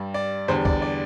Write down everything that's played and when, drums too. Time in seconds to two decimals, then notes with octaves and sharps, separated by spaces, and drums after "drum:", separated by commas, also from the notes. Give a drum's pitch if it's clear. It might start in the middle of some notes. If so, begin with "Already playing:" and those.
Already playing: G2 G3
0.14 D5
0.48 E2 D3 G3 C5
0.65 D5, drum: kick
0.82 D5